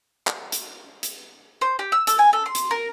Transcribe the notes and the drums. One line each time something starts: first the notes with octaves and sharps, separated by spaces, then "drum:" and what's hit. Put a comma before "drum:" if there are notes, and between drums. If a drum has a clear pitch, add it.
drum: clap
drum: hi-hat
drum: hi-hat
C5
G4
E6
A4, drum: hi-hat
G#5
A4
C6
drum: hi-hat
A#4